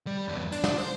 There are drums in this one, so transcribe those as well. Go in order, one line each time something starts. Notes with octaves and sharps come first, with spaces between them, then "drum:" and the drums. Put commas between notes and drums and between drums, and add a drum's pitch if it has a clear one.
G3
E2 G2
D4, drum: hi-hat
drum: snare
C5, drum: open hi-hat